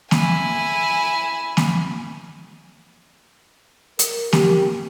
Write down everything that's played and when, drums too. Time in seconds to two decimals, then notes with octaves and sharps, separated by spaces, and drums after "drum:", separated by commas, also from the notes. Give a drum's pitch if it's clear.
0.11 E4 G#5, drum: snare A#3
1.57 drum: snare A#3
3.99 A#4, drum: hi-hat
4.33 G4, drum: snare A#3